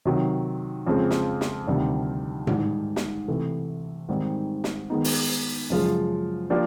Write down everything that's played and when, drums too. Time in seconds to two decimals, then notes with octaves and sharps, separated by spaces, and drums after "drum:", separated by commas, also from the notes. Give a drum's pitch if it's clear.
0.05 C3 D#3 F#3
0.87 F2 C#3 F3 G#3 C4
1.11 drum: snare
1.41 drum: snare
1.67 D2 C3 D#3 G3
2.47 G#2 D#3 G3, drum: tom A2
2.96 drum: snare
3.28 C3 E3 A3
4.09 G#2 D#3 G3 C4
4.64 drum: snare
4.90 D#3 G#3 B3 D#4
5.04 drum: open hi-hat
5.70 F#2 C#3 F3 G#3
6.50 F3 A#3 D4 G4